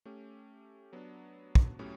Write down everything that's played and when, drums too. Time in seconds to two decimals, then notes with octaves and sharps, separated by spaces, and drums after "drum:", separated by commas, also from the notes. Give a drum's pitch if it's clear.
0.05 A3 C#4 G4
0.93 F#3 B3 D4
1.55 drum: kick
1.79 A2 F#3 C#4 E4 G4